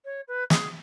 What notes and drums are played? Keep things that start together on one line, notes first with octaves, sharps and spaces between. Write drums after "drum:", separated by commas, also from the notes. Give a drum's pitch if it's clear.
C#5
B4
G#4, drum: snare